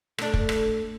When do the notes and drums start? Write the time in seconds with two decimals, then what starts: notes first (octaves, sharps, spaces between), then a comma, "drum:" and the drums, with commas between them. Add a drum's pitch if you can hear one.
0.18 A3 D4, drum: rim click
0.34 drum: kick
0.49 drum: rim click